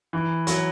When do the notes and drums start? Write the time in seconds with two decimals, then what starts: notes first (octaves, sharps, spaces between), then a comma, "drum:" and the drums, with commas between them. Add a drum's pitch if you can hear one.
0.13 E3
0.47 F#3, drum: hi-hat